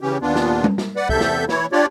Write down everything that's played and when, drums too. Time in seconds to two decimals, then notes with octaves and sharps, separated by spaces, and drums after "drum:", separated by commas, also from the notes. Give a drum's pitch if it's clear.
0.01 C#3 E3 C#4 G4
0.22 D#2 A#2 B3 D4 F4
0.36 drum: snare
0.64 drum: tom G3
0.78 drum: snare
0.96 B4 D5 F#5
1.09 E2 C3 A4 E5 G6, drum: kick
1.21 drum: snare
1.49 E3 E4 C#5, drum: snare
1.72 D4 F4 G4 C#5 D5